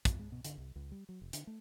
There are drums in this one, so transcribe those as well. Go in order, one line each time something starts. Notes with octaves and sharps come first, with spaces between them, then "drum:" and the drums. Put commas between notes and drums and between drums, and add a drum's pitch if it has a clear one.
F2, drum: kick, hi-hat
G#3
B2
D3, drum: hi-hat
C2
C#2
G3
F#3
F1
D3, drum: hi-hat
A3